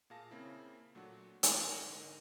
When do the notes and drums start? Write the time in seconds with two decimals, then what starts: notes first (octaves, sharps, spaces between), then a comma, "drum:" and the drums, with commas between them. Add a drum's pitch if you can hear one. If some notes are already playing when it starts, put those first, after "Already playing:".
0.10 A#2 G#4 F5 A5 A#6
0.31 C#3 A#3 C4 E4
0.95 A#2 F#3 A3 D4 F#4
1.43 D5, drum: hi-hat
1.65 G#2 D3 A#4 D#5 G#5 C#7